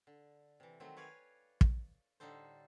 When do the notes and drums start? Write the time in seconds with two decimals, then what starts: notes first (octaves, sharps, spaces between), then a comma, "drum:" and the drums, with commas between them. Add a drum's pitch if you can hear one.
0.07 D3
0.60 C3 E3
0.80 D#3 F#3 A3 C4
0.97 B4 C#5 D5 F5 G#5
1.61 drum: kick
2.20 A2 D3 G3 D#4 A4 C5